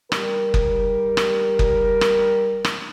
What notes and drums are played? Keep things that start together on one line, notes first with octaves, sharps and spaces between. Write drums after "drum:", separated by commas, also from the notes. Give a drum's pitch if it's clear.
G3 A#4, drum: rim click
drum: kick F#1
drum: rim click
drum: kick F#1
drum: rim click
drum: rim click